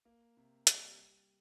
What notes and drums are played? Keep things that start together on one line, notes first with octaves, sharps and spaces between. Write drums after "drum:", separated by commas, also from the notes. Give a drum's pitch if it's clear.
A#3
C3
G3, drum: hi-hat
G3